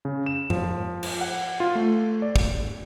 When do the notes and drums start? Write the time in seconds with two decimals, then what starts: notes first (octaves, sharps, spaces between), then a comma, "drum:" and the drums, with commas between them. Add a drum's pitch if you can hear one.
0.05 C#3
0.26 E7
0.50 F3, drum: tom G2
1.03 drum: cymbal
1.21 F#5
1.60 F4
1.75 A3
2.22 D5
2.36 drum: kick